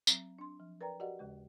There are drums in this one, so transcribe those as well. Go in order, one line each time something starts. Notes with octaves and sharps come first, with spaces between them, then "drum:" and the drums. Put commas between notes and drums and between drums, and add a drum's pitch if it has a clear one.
F#3 C4, drum: tambourine
D4 C6
F3
A#4 B4 D5 G5 A#5
F#4 G4 A#4 D5 D#5 F#5
D#2 C#3 G#3